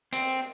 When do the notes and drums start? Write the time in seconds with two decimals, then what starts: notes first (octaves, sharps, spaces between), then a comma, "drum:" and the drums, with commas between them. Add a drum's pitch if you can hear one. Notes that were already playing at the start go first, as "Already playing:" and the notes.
0.13 C4, drum: hi-hat